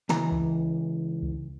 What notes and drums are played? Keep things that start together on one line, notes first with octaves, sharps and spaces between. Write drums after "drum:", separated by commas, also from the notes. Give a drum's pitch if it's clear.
C#2 E3 A#5, drum: snare
drum: kick C#2
drum: kick C#2